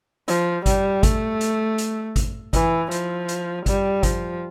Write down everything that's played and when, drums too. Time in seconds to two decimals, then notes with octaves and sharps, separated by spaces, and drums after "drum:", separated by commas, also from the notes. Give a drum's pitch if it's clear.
0.28 F3, drum: hi-hat
0.66 G3, drum: kick G#1, hi-hat
1.03 A3, drum: kick G#1, hi-hat
1.41 drum: hi-hat
1.78 drum: hi-hat
2.16 drum: kick G#1, hi-hat
2.53 E3, drum: kick G#1, hi-hat
2.91 F3, drum: hi-hat
3.28 drum: hi-hat
3.66 G3, drum: kick G#1, hi-hat
4.03 F3, drum: kick G#1, hi-hat